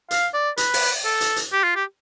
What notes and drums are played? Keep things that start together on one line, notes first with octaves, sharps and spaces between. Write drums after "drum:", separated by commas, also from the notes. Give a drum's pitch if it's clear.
F5, drum: hi-hat
D5
B4, drum: hi-hat
drum: open hi-hat
A4
drum: hi-hat
drum: hi-hat
G4
F4
G4